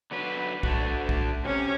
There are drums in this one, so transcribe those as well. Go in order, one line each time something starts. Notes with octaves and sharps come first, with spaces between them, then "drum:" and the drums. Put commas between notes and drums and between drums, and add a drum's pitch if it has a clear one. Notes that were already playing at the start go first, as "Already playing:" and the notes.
D3 F#3 B4
D3 A3 F#4, drum: kick
drum: kick
C3 C#4